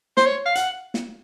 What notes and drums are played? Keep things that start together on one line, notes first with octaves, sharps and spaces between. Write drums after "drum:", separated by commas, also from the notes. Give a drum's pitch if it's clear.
C5, drum: snare
C#5
F5
F#5, drum: hi-hat
drum: snare